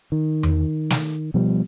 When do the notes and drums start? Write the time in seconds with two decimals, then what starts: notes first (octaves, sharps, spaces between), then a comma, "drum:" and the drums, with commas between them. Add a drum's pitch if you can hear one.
0.12 D#3
0.43 drum: tom E2
0.90 drum: snare
1.34 B2 F3 G3